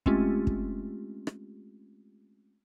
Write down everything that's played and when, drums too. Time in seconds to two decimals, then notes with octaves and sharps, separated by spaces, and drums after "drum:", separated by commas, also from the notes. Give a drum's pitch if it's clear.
0.06 G#3 A3 C4 C#4 F4 G4, drum: kick
0.47 drum: kick
1.27 drum: rim click